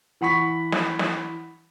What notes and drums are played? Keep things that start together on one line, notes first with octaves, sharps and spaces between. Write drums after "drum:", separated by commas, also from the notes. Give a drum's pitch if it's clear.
E3 F#5 B5 C#6 B6
drum: snare
drum: snare